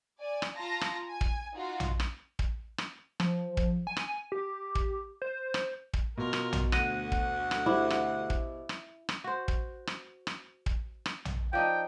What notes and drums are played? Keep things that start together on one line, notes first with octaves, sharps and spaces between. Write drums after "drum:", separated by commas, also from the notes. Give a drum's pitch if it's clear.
D5 G#5
drum: rim click
F4 A5 A#5 A#6
drum: rim click
G#5
drum: kick
D#4 F4 F#4
drum: tom A#1
drum: rim click
drum: kick
drum: rim click
F3, drum: rim click
drum: kick
G#5
drum: rim click
G4
drum: kick
C5
drum: rim click
drum: kick
B2 F4 A#4
drum: rim click
drum: tom A#1
D2 F#5 F#6 A#6 D#7, drum: rim click
drum: kick
drum: rim click
E4 G4 C5 D6
drum: rim click
drum: kick
drum: rim click
drum: rim click
F#4 C5
drum: kick
drum: rim click
drum: rim click
drum: kick
drum: rim click
drum: tom A#1
F3 D4 D#4 G5